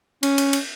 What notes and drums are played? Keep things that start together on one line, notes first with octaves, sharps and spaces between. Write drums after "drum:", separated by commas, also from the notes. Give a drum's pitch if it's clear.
C#4, drum: cymbal
drum: cymbal
drum: cymbal